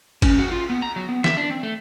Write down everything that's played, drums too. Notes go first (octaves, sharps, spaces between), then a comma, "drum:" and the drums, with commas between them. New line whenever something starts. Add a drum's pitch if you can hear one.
C#4, drum: kick G#1, cymbal
F#4
F4
B3
A#5
F#3
B3
E5, drum: snare
D4
C4
A3